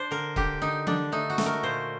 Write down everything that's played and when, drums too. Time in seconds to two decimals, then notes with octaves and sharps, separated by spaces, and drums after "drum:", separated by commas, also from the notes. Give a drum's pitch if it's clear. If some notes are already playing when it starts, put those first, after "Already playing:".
Already playing: D4 C5
0.11 D3 A#4
0.36 D3 G4, drum: kick
0.61 D3 D#4
0.87 D3 D4, drum: tom E3
1.12 A3 D#4
1.30 F#4
1.38 A3, drum: snare
1.46 A#4
1.63 A#2 C5